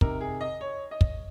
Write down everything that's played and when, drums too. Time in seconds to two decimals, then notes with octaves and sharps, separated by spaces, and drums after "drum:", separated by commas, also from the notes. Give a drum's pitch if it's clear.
0.01 C3 D#3 A#4, drum: kick
0.21 G#4
0.41 D#5
0.61 C#5
0.91 D#5
1.01 drum: kick